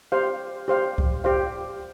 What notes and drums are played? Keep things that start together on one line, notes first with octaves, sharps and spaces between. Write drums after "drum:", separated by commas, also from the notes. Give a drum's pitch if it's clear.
G4 C5 F5
G4 C5 F5
drum: kick C2
G4 C5 F5